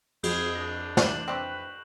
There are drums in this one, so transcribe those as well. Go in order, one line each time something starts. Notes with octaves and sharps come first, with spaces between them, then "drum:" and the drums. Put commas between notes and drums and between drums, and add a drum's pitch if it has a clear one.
F2 G#4 G6 C7 F#7, drum: cymbal
D4 D#6 A#6
E4 B4 D5 E7 F#7, drum: snare
C4 D4 E4 B4 C#6 F#6 A#6